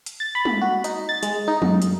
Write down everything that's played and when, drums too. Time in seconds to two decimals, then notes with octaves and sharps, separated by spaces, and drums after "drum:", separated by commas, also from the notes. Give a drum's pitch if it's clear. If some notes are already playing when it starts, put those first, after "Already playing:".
0.06 drum: hi-hat
0.20 A6
0.35 B5
0.45 drum: tom
0.61 F#4
0.84 D#4, drum: hi-hat
1.09 A6
1.23 G#3, drum: hi-hat
1.48 D#4
1.62 F#2, drum: tom
1.82 drum: hi-hat